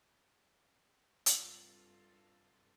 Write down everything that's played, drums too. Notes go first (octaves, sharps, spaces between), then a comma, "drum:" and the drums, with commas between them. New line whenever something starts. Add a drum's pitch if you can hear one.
G2 C3 F4 A4, drum: hi-hat